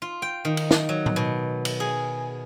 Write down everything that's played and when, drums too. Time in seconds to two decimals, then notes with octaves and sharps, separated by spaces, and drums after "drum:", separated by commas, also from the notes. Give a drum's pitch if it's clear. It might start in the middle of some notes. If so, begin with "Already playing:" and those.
0.02 F4
0.22 G5
0.45 D#3
0.57 drum: cymbal
0.71 drum: snare
0.89 F#3
1.06 drum: tom A2
1.16 B2
1.65 drum: cymbal
1.80 G#4